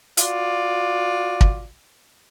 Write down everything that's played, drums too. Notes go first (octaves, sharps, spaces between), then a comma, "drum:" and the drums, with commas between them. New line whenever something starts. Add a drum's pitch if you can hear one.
F4 F#4 D5, drum: hi-hat
drum: kick